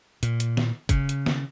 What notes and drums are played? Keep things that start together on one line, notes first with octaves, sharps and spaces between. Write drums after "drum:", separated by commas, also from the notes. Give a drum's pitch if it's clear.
A#2, drum: hi-hat
drum: hi-hat
drum: snare
C#3, drum: kick, hi-hat
drum: hi-hat
drum: snare